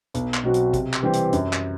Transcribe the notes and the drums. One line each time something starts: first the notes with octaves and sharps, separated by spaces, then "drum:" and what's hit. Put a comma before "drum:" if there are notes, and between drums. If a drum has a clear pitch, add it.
B1, drum: hi-hat
drum: clap
B2 F#3 C4 F#4
drum: hi-hat
C3, drum: kick, hi-hat
drum: clap
E3 G3 C4 G4
drum: hi-hat
F#2, drum: hi-hat
drum: clap